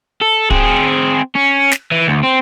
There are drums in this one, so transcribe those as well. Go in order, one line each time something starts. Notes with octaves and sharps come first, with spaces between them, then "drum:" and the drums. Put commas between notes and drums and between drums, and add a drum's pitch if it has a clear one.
A4
C4 G#4, drum: kick
C#4
drum: snare
E3
D2
C4